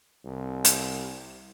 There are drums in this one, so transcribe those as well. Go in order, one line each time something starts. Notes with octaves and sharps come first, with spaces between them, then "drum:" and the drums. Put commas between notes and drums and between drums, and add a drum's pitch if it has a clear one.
C2
drum: hi-hat